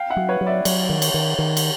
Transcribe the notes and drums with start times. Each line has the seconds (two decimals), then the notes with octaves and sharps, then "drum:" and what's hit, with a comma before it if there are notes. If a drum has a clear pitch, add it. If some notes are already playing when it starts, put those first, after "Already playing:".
Already playing: F5 G5
0.10 E5 F#5
0.16 F#3
0.29 B4 C#5
0.41 F#3
0.47 D5 E5
0.65 F#3, drum: cymbal
0.89 D#3
1.02 drum: cymbal
1.14 D#3
1.38 D#3
1.57 drum: cymbal